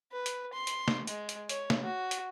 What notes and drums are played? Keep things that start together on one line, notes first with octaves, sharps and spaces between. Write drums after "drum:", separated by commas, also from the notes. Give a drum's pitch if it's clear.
B4
drum: hi-hat
C6
drum: hi-hat
drum: snare
G#3, drum: hi-hat
drum: hi-hat
C#5, drum: hi-hat
drum: snare
F#4
drum: hi-hat